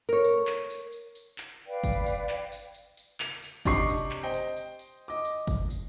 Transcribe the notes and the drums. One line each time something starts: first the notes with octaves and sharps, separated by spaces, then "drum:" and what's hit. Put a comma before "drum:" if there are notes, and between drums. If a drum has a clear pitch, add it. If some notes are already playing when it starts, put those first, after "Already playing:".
A#4 C#5
drum: tambourine
drum: clap
drum: tambourine
drum: tambourine
drum: tambourine
drum: clap
B4 D5 F5 G5
drum: kick F#1, tambourine
drum: tambourine
drum: clap
drum: tambourine
drum: tambourine
drum: tambourine
F7, drum: clap
drum: tambourine
C3 D4 G4 D#5 C#6 C7, drum: kick F#1, tambourine
drum: tambourine
drum: clap
C5 D#5 G5
drum: tambourine
drum: tambourine
drum: tambourine
D#5 D6
drum: tambourine
drum: kick F#1, tambourine
drum: tambourine